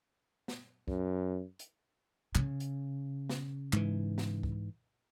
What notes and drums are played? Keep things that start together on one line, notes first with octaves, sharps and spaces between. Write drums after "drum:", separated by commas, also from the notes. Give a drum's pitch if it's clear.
drum: snare
F#2, drum: kick
drum: hi-hat
C#3, drum: clap
drum: hi-hat
drum: snare
G#2 E3, drum: clap
drum: snare
drum: kick